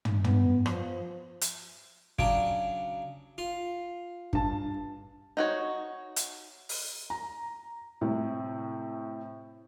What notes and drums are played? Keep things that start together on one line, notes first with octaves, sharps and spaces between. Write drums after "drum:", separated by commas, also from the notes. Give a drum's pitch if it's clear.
drum: tom
B3, drum: tom
F3, drum: rim click
drum: hi-hat
C#3 F#3 D4 D7, drum: kick
F4
G2 A5, drum: kick
D#4 F#4 C#5
drum: hi-hat
drum: open hi-hat
A#5
A2 C3